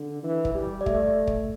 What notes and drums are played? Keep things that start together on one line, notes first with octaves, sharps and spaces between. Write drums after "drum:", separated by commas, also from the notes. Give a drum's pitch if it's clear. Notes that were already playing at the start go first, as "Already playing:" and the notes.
Already playing: D3
E3
drum: kick
G3
D5
A3 E5, drum: kick
drum: kick